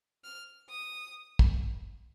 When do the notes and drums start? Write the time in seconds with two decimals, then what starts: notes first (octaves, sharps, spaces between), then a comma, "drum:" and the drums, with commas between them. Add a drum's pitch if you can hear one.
0.24 F6
0.69 D#6
1.39 drum: kick